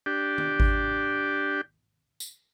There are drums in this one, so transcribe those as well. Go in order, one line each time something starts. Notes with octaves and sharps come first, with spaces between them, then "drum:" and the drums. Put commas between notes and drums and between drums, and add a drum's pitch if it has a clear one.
D4 G4
drum: tom D#3
drum: kick G#1
drum: tambourine